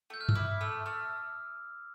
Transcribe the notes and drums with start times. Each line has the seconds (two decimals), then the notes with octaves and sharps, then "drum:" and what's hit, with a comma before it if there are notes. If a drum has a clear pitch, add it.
0.10 A3 G6
0.21 F6
0.29 E6, drum: tom G2
0.35 E4 D6
0.61 A3 E6
0.86 A3 F6